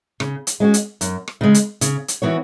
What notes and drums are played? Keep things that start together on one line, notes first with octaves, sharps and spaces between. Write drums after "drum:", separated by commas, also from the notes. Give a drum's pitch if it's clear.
C#3, drum: rim click
drum: hi-hat
G#3 C#4 F#4
drum: hi-hat
F#2, drum: hi-hat
drum: rim click
C#3 G#3
drum: hi-hat
C#3, drum: hi-hat
drum: hi-hat
E3 B3 F#4 C#5